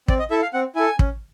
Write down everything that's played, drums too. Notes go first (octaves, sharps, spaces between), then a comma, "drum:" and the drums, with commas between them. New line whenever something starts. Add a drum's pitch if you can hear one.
C4 D5, drum: kick
D#5
E4 A4 E5
F5
C4 F#5
E4 A4 G#5
C#4, drum: kick